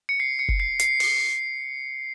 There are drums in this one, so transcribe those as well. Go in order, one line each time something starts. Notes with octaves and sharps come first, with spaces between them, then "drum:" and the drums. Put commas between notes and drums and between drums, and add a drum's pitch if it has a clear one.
C#7
C7
C#7
drum: kick F#1
C7
C7, drum: hi-hat
C7, drum: open hi-hat